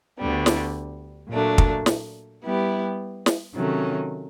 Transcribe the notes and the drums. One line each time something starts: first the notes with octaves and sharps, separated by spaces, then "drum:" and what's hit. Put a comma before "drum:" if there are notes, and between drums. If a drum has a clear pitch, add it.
D2 D3 G3 B3
drum: snare
A#2 F#3 A3 D4
drum: kick
drum: snare
G3 B3 E4 G4
drum: snare
C3 D#3 F#3 A3 C#4